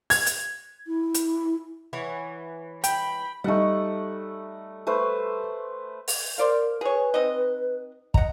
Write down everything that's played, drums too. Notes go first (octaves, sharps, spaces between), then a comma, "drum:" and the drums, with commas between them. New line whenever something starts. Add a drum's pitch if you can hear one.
G#6, drum: open hi-hat
drum: hi-hat
E4
drum: hi-hat
E3 C#5 F#5
G5 B5, drum: hi-hat
G3 A3 D#4 F#5
A3 B4 C5
drum: open hi-hat
A#4 C5 D5 F5
G#4 B4 C#5
C4 D#4 D#5
D#5 F#5 A#5, drum: kick